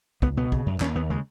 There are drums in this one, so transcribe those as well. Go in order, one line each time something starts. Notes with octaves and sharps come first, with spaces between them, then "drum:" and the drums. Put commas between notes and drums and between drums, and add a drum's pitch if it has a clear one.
C#2 B3, drum: kick
B2 B3
C#3, drum: kick
F#2
D#2 C#4, drum: clap
D#2 B3
C#3 G#3